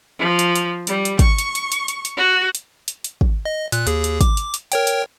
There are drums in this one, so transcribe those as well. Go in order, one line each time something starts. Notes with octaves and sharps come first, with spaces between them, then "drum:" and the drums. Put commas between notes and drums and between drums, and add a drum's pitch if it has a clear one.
F3
drum: hi-hat
drum: hi-hat
G3, drum: hi-hat
drum: hi-hat
C#6, drum: kick, hi-hat
drum: hi-hat
drum: hi-hat
drum: hi-hat
drum: hi-hat
drum: hi-hat
F#4
drum: hi-hat
drum: hi-hat
drum: hi-hat
drum: kick
D#5
A#2 F#6, drum: hi-hat
D#2 G#4, drum: hi-hat
drum: hi-hat
D6, drum: kick, hi-hat
drum: hi-hat
drum: hi-hat
A#4 C#5 G5, drum: hi-hat
drum: hi-hat